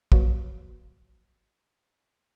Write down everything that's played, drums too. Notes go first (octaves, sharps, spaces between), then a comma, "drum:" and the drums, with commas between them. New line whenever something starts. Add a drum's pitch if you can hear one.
F3 F#3 A#3 F#4 B4 C#5, drum: kick